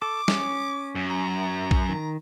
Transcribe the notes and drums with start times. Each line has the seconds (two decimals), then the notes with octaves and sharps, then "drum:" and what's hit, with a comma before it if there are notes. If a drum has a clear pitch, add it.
0.02 A4 D6
0.28 C#4, drum: snare
0.95 F#2
1.10 A#5
1.71 drum: kick A#1
1.89 D#3